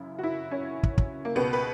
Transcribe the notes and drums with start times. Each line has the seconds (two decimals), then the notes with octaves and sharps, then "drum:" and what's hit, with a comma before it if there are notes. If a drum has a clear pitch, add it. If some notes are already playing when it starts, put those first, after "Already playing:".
Already playing: F#2 C#3 E3 E4
0.19 F#4
0.23 E4
0.51 C#4
0.83 drum: kick
0.98 drum: kick
1.25 A#3
1.36 C#2 B2 B3
1.53 B4